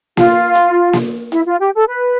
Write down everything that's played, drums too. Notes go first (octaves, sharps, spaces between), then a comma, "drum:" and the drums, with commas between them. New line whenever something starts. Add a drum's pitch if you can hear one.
F4, drum: snare A#3
drum: hi-hat
drum: snare A#3
E4, drum: hi-hat
F4
G4
A4
B4